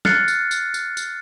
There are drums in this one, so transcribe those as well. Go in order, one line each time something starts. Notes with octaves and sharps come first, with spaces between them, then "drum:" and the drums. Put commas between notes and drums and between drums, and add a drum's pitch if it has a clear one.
F6 F#6 A6 C7 C#7, drum: snare
drum: tambourine
drum: tambourine
drum: tambourine
drum: tambourine